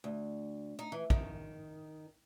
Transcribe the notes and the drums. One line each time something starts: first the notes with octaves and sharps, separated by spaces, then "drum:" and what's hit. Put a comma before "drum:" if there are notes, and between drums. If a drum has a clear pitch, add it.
D2
D#4
E3
D#3, drum: kick